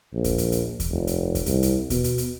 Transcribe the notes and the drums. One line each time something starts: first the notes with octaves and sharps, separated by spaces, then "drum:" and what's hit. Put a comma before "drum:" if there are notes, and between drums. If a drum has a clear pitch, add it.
A#1
drum: kick D#2, hi-hat
drum: hi-hat
drum: hi-hat
drum: kick D#2, hi-hat
F1
drum: hi-hat
drum: kick D#2, hi-hat
C2, drum: hi-hat
drum: hi-hat
B2, drum: kick D#2, hi-hat
drum: hi-hat
drum: hi-hat